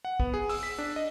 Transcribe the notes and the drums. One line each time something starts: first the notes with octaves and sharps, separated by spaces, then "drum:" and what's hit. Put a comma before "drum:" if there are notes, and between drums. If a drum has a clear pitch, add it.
F#5
B3, drum: kick A#1
G#4
E6, drum: open hi-hat
B6
D4
D#5